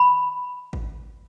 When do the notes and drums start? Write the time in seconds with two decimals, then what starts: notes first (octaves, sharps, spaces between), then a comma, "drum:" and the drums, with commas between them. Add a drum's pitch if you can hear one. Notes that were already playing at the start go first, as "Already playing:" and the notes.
Already playing: B5
0.73 drum: kick G#1